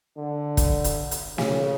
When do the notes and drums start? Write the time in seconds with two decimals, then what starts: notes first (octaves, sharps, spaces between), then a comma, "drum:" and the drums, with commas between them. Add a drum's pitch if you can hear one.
0.17 D3
0.57 drum: kick, hi-hat
0.84 drum: hi-hat
1.11 drum: hi-hat
1.38 C#3, drum: snare